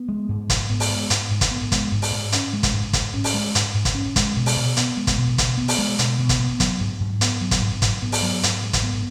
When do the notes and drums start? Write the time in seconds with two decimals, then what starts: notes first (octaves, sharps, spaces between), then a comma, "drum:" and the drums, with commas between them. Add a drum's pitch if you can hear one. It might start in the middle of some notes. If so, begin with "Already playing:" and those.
Already playing: B3
0.09 G#3
0.29 G#2
0.50 G#2, drum: kick, hi-hat
0.70 B3
0.80 drum: open hi-hat
0.90 G#3
1.10 G#2, drum: hi-hat
1.31 G#2
1.41 drum: kick, hi-hat
1.51 B3
1.72 G#3, drum: kick, hi-hat
1.92 G#2
2.02 drum: open hi-hat
2.12 G#2
2.32 C#4, drum: hi-hat
2.53 G#3
2.63 drum: kick, hi-hat
2.73 G#2
2.93 G#2, drum: kick, hi-hat
3.14 C#4
3.24 drum: open hi-hat
3.34 G#3
3.55 G#2, drum: hi-hat
3.74 G#2
3.85 drum: kick, hi-hat
3.95 C#4
4.16 G#3, drum: kick, hi-hat
4.37 B2
4.46 drum: open hi-hat
4.56 B2
4.77 B3, drum: hi-hat
4.97 G#3
5.07 drum: kick, hi-hat
5.18 B2
5.38 B2, drum: kick, hi-hat
5.57 B3
5.68 drum: open hi-hat
5.79 G#3
5.99 B2, drum: hi-hat
6.19 B2
6.29 drum: kick, hi-hat
6.39 B3
6.60 F#3, drum: kick, hi-hat
6.81 G#2
7.00 G#2
7.21 B3, drum: hi-hat
7.41 F#3
7.51 drum: kick, hi-hat
7.61 G#2
7.82 G#2, drum: kick, hi-hat
8.02 B3
8.12 drum: open hi-hat
8.23 F#3
8.43 G#2, drum: hi-hat
8.63 G#2
8.73 drum: kick, hi-hat
8.83 B3